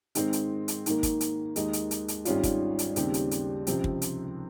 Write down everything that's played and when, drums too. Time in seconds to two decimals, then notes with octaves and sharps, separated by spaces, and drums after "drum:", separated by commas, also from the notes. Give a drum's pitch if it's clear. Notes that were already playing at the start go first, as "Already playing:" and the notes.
0.15 G#2 D#3 G#3 C4, drum: hi-hat
0.33 drum: hi-hat
0.68 drum: hi-hat
0.86 G#2 D#3 A#3, drum: hi-hat
1.03 drum: kick, hi-hat
1.21 drum: hi-hat
1.56 D#2 D#3 G#3 D#4, drum: hi-hat
1.73 drum: hi-hat
1.91 drum: hi-hat
2.08 drum: hi-hat
2.25 G#1 G#2 G3 C#4 F4, drum: hi-hat
2.43 drum: kick, hi-hat
2.79 drum: hi-hat
2.96 D#2 C#3 G3 C4 G4, drum: hi-hat
3.14 drum: hi-hat
3.31 drum: hi-hat
3.67 C#2 C3 F3 C4, drum: hi-hat
3.84 drum: kick
4.02 drum: hi-hat